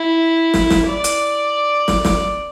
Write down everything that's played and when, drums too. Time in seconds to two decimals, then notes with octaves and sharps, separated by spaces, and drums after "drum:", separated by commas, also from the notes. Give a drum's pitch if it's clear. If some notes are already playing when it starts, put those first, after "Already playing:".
Already playing: E4
0.54 drum: snare
0.70 drum: snare
0.87 D5
1.04 drum: hi-hat
1.88 drum: snare
2.05 drum: snare